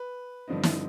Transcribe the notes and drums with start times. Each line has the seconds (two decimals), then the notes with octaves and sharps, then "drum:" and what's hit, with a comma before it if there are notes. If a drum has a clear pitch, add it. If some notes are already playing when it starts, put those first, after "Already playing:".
Already playing: B4
0.48 G2 D3 F3 C4 D#4
0.63 drum: snare